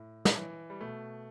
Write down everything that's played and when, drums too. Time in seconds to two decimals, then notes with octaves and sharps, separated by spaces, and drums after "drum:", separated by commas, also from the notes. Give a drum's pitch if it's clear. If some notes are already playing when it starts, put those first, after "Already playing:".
Already playing: A2
0.25 drum: snare
0.35 E3
0.70 G3
0.80 B2 A3